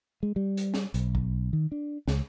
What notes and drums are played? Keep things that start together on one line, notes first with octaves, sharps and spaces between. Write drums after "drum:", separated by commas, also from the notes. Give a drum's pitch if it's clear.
G#3
G3
drum: hi-hat
drum: snare
B1, drum: hi-hat
drum: kick A#1
D#3
D4
C#2, drum: snare